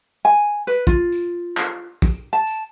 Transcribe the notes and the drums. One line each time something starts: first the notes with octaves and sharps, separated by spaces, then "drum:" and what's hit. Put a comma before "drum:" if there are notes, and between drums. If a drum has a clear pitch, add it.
G#5
B4, drum: tambourine
F4, drum: kick
drum: tambourine
drum: clap
drum: kick, tambourine
A5
drum: tambourine